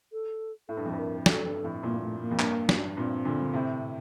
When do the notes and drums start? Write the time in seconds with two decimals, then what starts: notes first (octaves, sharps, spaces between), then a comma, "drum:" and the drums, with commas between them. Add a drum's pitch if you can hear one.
0.13 A4
0.69 A2 A4
0.77 G2
0.86 F2
0.93 G2 A#4
1.26 F2 A4, drum: snare
1.46 G2
1.64 F2 A2
1.83 G2 A#2 A#3
2.02 A3
2.21 A#3
2.31 F2
2.39 G2, drum: clap
2.69 G2, drum: snare
2.97 G2 A#2 C4
3.25 A#2 D3
3.42 D3
3.54 A2 C3